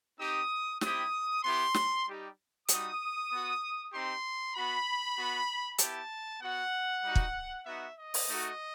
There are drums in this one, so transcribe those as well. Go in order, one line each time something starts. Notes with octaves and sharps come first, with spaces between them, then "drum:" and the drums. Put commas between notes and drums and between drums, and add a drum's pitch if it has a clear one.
C4 D#4 G4 D#6
G3 C4 E4 G4 D#6, drum: snare
B3 E4 G4 C6
drum: snare
G3 D#4 G4
G3 D#4 F#4 D#6, drum: hi-hat
B3 F#4
C4 D#4 G4 C6
B3 F#4 B5
B3 F#4
B3 E4 G4 A5, drum: hi-hat
B3 F#4 F#5
G3 D#4 F#4
drum: kick
B3 D#4 F#4 E5
D#5
drum: open hi-hat
A3 D#4 F#4